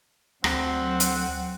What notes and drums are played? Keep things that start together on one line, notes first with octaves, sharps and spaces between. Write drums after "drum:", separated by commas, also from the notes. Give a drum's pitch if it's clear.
D2 F#3 C4 F#5, drum: rim click
drum: hi-hat